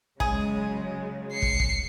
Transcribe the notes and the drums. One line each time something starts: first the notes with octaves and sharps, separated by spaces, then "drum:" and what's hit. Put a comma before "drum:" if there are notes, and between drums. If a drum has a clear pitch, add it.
C#3 F#3 G#3 G#4, drum: kick
C7 C#7
drum: kick
drum: kick